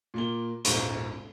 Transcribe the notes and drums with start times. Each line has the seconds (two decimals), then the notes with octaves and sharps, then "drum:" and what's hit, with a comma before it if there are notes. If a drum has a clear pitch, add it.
0.14 A#2 A#3 G7
0.65 E1 A#1 G#2 C5 C#6 G7, drum: hi-hat